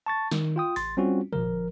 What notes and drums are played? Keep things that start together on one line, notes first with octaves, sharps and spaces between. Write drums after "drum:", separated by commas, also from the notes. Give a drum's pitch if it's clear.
A5 C#6 A6
D#3, drum: snare
F4 G5 D#6
A1 C6 A6, drum: open hi-hat
G3 C4 C#4 F4 F#4
G1 F3 A#4, drum: tom A#2